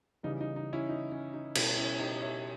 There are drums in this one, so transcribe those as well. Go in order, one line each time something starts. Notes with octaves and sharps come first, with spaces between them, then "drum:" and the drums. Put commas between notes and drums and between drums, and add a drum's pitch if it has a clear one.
C#3 E3 G3 D#4
D#4
D#4
C#4 E4
D#4
C#4
D#4
B2 G3 C#4 E4, drum: cymbal
C#4 E4
D#4 G4
C#5 E5